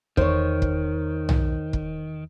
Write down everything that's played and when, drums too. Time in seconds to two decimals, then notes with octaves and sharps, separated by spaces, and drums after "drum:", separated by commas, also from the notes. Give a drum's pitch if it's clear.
0.17 E2 D#3 C5 C#5, drum: kick
0.62 drum: kick
1.29 drum: tom
1.73 drum: kick